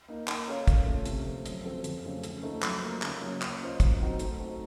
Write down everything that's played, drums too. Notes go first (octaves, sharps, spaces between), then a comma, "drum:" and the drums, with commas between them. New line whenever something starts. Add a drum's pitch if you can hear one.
A#3 D#4 A#4
A#3, drum: clap
C#4 A4 C#5 F5
A#2, drum: kick, hi-hat
A3 C#4 F4
C3, drum: hi-hat
F3 A3
F#2, drum: hi-hat
F3 C4 F#4 A4
F2, drum: hi-hat
C#3 F#3 A3
C#3, drum: hi-hat
F3 A3 D#4 A4
F#3, drum: clap
A#3 F4
C#3, drum: clap
F#3 A#3 C#4
A#3, drum: clap
C#4 F4 C5 D#5
F#3, drum: kick, hi-hat
C4 D#4 F#4
A3, drum: hi-hat
D#4 F#4 C5